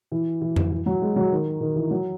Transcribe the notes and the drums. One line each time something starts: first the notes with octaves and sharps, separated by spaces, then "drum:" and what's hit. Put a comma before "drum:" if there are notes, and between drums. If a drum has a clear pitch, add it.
E3
E3
drum: tom F2
E3
F#3
G#3
F#3
D#3
D#3
E3
F#3